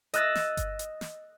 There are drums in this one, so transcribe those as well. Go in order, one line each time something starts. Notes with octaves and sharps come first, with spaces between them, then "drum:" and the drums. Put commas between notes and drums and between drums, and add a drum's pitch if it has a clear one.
D#5 E6 F#6 A6 A#6, drum: hi-hat
drum: snare
drum: kick G1, hi-hat
drum: hi-hat
drum: snare